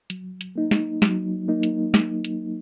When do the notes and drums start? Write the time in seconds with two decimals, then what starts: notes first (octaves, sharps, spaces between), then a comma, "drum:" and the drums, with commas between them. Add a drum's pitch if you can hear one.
0.10 F#3, drum: hi-hat
0.41 drum: hi-hat
0.56 A#3 D#4
0.71 drum: snare
1.02 F#3, drum: snare
1.48 A#3 D#4
1.63 drum: hi-hat
1.94 drum: snare
2.24 drum: hi-hat